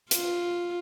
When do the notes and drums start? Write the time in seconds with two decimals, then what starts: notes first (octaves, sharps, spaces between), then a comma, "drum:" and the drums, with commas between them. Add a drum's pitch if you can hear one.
0.11 F4, drum: hi-hat